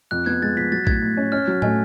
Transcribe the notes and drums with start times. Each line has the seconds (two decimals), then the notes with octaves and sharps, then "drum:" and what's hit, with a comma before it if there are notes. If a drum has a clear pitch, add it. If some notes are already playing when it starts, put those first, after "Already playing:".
0.11 F2 F#6
0.26 B3 G#6
0.42 G#3 A6
0.57 F3 B6
0.72 F#3 A6
0.87 A2 G#6, drum: kick A#1
1.02 A2
1.17 C#4
1.32 C#4 F6
1.48 F#3
1.62 A3 G#5, drum: tom